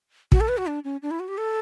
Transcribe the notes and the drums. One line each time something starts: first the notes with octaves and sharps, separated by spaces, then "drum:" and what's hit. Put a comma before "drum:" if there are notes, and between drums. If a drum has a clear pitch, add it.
F#4, drum: kick
A4
B4
F#4
D4
C#4
D4
E4
F#4
G4
A4